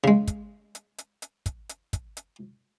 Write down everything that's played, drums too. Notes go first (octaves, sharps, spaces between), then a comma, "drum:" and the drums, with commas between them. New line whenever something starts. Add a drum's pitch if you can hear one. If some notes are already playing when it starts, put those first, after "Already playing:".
C#3 G#3
drum: kick, hi-hat
drum: hi-hat
drum: hi-hat
drum: hi-hat
drum: kick, hi-hat
drum: hi-hat
drum: kick, hi-hat
drum: hi-hat